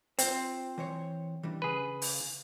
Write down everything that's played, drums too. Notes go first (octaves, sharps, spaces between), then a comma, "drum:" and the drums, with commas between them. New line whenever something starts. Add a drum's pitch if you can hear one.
C4 F4 C5, drum: hi-hat
E3 C5 C#5
E3 G3 D4
C#3 G#4 B4
drum: open hi-hat